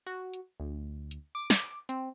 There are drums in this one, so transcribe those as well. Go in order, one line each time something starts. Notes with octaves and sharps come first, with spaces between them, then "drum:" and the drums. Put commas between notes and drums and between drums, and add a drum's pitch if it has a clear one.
F#4
drum: hi-hat
D2
drum: hi-hat
D6
drum: snare
C4, drum: hi-hat